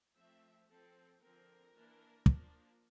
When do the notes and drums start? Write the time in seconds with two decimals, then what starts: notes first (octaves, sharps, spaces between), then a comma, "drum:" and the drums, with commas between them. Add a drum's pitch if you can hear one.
0.16 F3 A3 C4 E5
0.69 F3 C4 A4
1.21 D3 F3 C4 A#4
1.73 E3 A#3 D4
2.26 F3 A#3 D4, drum: kick